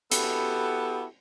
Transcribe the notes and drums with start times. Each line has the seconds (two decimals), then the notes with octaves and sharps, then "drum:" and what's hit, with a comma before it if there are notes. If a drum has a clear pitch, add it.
0.12 B3 E4 F#4 G4 A4, drum: hi-hat